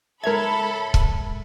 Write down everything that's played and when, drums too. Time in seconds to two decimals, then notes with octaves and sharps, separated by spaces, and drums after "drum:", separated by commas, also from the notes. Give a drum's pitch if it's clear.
0.24 G#3 A4 A#4 C#5 E5 B5 G#6
0.94 drum: kick